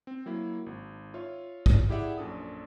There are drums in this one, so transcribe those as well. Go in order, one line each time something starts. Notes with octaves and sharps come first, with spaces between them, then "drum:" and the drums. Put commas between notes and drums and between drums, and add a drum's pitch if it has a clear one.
C4
F#3 A#3 E4
G#1
F4 C#5 E5
drum: kick
E4 G4 G#4 D5 E5 F#5
A#1 F#2 D4 A4 D#6